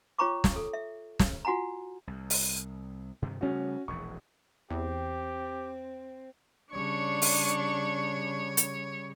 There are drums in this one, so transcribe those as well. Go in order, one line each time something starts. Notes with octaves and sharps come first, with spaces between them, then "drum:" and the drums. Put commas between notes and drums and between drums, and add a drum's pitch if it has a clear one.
F4 C#5 G5 A#5 C#6 D6
drum: snare
A4
E5
drum: snare
F4 F#4 F#5 G#5 A#5
C2
drum: open hi-hat
G2 C3 D#3
C#3 G3 A3 C#4 F#4
E1 A#1 E3 C#6
E2 C4 G4
C#3 G3 D4 C#5 C#6
drum: open hi-hat
drum: hi-hat